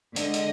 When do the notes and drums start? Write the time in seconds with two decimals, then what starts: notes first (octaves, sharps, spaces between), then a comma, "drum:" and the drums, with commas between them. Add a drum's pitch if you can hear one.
0.16 D3 G#3 D#5, drum: hi-hat
0.34 drum: hi-hat